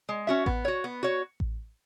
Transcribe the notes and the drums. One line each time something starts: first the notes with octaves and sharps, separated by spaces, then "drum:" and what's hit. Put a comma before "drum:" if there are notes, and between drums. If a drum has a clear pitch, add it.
G#3
C#4 F#4 E5
B3, drum: kick A1
F#4 C#5
B3
F#4 C#5
drum: kick A1